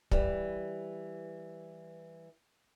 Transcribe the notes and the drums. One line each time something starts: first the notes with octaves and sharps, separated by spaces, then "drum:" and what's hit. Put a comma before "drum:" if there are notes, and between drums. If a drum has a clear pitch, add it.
E3 G3, drum: kick